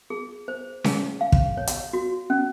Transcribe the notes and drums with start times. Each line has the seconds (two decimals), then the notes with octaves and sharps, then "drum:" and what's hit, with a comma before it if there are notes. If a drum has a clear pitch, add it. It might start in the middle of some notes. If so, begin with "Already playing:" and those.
0.10 G#4
0.48 C5
0.84 G#4, drum: snare C#4
1.21 F5
1.32 drum: kick
1.57 C#5
1.67 drum: hi-hat
1.93 F#4
2.30 C#4